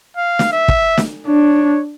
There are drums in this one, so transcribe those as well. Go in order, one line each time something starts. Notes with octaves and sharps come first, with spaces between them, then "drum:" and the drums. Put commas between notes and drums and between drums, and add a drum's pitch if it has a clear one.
F5
drum: snare
E5
drum: kick
drum: snare
D4 C#5